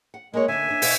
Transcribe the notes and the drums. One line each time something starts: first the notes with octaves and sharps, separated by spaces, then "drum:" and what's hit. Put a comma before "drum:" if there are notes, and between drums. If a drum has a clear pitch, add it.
F#5
G#3 A#3 A#4 C#5
D3 D4 E5 G#5
D4 C5
B2 D#4 F5, drum: open hi-hat